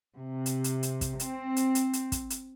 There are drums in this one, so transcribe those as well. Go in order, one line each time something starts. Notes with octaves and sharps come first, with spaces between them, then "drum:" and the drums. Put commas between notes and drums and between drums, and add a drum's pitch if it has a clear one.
C3
drum: hi-hat
drum: hi-hat
drum: hi-hat
drum: kick, hi-hat
C4, drum: hi-hat
drum: hi-hat
drum: hi-hat
drum: hi-hat
drum: kick, hi-hat
drum: hi-hat